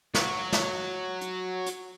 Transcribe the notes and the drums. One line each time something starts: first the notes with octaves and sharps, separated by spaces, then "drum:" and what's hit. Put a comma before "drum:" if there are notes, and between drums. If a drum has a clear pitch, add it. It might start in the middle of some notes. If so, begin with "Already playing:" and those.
F#4 C#5, drum: snare
drum: snare
drum: hi-hat
drum: hi-hat